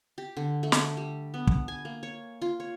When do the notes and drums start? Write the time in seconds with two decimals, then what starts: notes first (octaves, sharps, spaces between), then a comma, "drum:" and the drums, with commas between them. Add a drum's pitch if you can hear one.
0.18 G4
0.37 D3
0.63 A3
0.72 drum: snare
0.97 G3
1.34 B3
1.47 drum: kick
1.68 G#5
1.85 A#3
2.03 C#5
2.42 F4
2.60 C#5